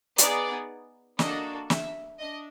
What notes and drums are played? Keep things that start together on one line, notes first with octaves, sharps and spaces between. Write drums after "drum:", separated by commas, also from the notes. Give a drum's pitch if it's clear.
B3 D#4 G#4 D5, drum: hi-hat
A#3 D4 F#4 A4 D#5, drum: snare
E5, drum: snare
D4 D#5